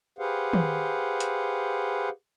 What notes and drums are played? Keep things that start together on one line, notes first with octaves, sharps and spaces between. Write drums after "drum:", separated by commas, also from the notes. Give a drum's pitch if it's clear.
G4 G#4 B4 C5 F5 F#5
drum: tom D#3
drum: hi-hat